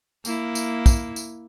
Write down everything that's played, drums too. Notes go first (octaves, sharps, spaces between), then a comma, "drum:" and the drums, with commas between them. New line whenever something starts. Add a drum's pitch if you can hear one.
A#3 E4, drum: tambourine
drum: tambourine
drum: kick, tambourine
drum: tambourine